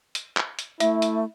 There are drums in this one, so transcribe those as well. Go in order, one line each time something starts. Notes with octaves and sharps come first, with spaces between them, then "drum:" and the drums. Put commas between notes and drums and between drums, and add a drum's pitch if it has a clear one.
drum: hi-hat
drum: clap
drum: hi-hat
A3 E4 E5, drum: hi-hat
drum: hi-hat